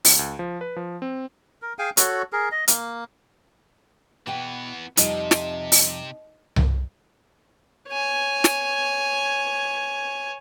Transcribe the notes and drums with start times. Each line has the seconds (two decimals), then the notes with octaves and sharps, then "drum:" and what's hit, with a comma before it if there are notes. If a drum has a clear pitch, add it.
0.05 C#2, drum: open hi-hat
0.19 C#2
0.39 F3
0.61 B4
0.76 F3
1.02 C4
1.62 A#4
1.79 G#4 F5 G5 G#5
1.97 F#4 A4 C#5, drum: hi-hat
2.32 G#4 A#4
2.51 D#5
2.68 A#3, drum: hi-hat
4.26 B2 E3 B3 F#5 G5
4.97 F2 C3 F3 G3 D#4 D#5, drum: hi-hat
5.31 drum: snare
5.72 drum: open hi-hat
6.56 drum: tom C2
7.88 C#5 G#5
8.44 drum: snare